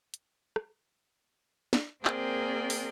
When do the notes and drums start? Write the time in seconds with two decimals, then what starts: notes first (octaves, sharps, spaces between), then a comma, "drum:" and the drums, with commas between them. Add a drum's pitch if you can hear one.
0.14 drum: hi-hat
0.56 drum: rim click
1.73 drum: snare
2.05 A#3 C4 G#4 A#4 D5 G5, drum: clap
2.70 drum: open hi-hat